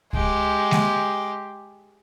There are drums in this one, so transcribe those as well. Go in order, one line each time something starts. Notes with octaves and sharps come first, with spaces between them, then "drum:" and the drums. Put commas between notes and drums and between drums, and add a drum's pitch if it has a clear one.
G#3 G4, drum: kick C#2
drum: snare G#3